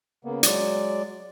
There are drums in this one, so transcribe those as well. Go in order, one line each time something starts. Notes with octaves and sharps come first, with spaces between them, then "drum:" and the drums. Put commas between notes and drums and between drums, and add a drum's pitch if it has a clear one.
C#3 A#3 B3
F#3 G#3 D5, drum: hi-hat